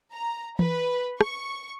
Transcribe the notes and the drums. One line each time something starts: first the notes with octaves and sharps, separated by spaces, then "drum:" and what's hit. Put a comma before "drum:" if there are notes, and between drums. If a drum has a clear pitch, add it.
A#5
B4, drum: tom E3
C#6, drum: rim click